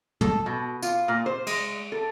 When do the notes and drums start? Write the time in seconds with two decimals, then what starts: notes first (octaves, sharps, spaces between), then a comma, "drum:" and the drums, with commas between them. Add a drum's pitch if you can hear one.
0.21 A4, drum: tom
0.46 B2
0.82 F4, drum: tambourine
1.08 A#2
1.26 C5
1.47 G#3, drum: cymbal
1.92 A4